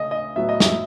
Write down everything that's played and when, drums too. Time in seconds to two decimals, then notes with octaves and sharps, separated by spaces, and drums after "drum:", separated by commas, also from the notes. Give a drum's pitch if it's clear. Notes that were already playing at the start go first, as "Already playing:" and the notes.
Already playing: C#3 A3 D#5
0.11 D#5
0.36 A2 F#3 B3 E5
0.49 D#5
0.60 E5, drum: snare